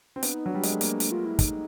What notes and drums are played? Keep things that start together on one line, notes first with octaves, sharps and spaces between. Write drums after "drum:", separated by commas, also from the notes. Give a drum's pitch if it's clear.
C4
B3 D4, drum: hi-hat
D#4
F#3 D4
G3
G#3, drum: hi-hat
A3
A#3, drum: hi-hat
drum: hi-hat
F4
E4
D#4, drum: kick, hi-hat